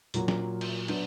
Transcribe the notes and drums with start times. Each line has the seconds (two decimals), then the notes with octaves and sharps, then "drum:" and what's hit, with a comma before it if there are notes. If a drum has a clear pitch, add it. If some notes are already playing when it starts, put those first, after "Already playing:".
0.14 A#2 F#3 A#3, drum: hi-hat
0.28 drum: snare
0.61 drum: cymbal
0.88 F#3 B3 D4, drum: cymbal